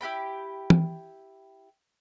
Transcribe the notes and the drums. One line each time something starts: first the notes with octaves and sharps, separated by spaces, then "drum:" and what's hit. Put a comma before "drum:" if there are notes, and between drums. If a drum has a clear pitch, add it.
E4 G4 G5 B5
drum: tom